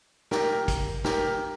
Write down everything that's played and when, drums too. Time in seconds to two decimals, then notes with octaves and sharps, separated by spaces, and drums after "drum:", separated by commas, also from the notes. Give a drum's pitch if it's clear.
0.31 G4 A#4, drum: snare
0.68 drum: kick, hi-hat
1.04 G4 A#4, drum: snare